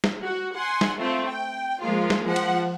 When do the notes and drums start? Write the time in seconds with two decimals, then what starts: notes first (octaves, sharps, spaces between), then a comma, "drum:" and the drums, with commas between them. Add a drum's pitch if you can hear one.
0.04 drum: snare
0.22 F#4
0.55 F#5 G#5 C6
0.81 drum: snare
0.98 A3 C4 F4
1.29 G5
1.81 F3 G#3 A#3 F4
2.10 drum: snare
2.25 F3 F#5
2.36 drum: cymbal